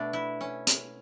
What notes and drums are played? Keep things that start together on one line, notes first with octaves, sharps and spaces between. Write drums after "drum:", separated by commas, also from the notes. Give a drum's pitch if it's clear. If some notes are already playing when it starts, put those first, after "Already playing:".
Already playing: B2 A3 D4
E4
C#4
drum: hi-hat